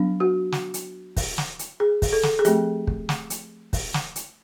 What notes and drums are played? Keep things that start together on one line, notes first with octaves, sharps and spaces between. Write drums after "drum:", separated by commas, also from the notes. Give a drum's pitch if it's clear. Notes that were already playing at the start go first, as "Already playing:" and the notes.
Already playing: F#3 B3 D4
F#4
drum: snare
drum: hi-hat
drum: kick, open hi-hat
drum: snare
drum: hi-hat
G#4
drum: kick, open hi-hat
A4
drum: snare
G#4
F3 A3 C4 G4, drum: hi-hat
drum: kick
drum: snare
drum: hi-hat
drum: kick, open hi-hat
drum: snare
drum: hi-hat